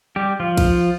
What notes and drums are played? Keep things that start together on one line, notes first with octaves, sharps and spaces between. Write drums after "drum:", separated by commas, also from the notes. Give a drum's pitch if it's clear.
G3 G4
F3 F4
drum: kick A#1, cymbal